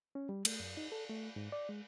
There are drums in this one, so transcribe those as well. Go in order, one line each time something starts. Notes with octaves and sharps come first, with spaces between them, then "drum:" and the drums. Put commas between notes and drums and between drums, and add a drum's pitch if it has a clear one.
C#4
G3
A3, drum: cymbal
F#2
D#4
A4
A3
G#2
D5
G#3